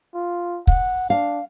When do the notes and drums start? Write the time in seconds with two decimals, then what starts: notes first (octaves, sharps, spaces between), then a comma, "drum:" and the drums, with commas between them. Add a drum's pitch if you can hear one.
0.14 F4
0.67 F#5, drum: kick
1.10 D4 F5